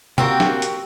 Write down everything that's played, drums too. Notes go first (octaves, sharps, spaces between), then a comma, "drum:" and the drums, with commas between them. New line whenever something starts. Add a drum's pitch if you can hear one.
A#3 C4 F#4 G4 A#4 G5 E6, drum: tom C3
drum: snare
drum: hi-hat